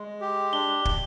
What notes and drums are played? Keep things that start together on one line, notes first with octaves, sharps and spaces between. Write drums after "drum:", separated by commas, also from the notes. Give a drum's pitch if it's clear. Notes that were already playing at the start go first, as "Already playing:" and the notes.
Already playing: G#3
G4
D4 G7
drum: kick